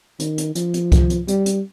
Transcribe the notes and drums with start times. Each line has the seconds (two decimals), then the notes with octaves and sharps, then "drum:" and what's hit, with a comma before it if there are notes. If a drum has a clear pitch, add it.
0.20 D#3, drum: hi-hat
0.38 drum: hi-hat
0.55 F3, drum: hi-hat
0.74 drum: hi-hat
0.92 drum: kick C2, hi-hat
1.10 drum: hi-hat
1.28 G3, drum: hi-hat
1.46 drum: hi-hat